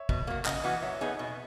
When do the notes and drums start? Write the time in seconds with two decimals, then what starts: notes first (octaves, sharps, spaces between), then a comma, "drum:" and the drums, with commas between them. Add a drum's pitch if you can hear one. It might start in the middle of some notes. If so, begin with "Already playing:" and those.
Already playing: C#5 E5
0.09 B2, drum: kick
0.27 F#3 A#3
0.45 C#3 D#5 F#5, drum: clap
0.64 E3 B3 F#4
0.82 F#3 C#5 E5
1.01 B3 D#4 G#4
1.19 B2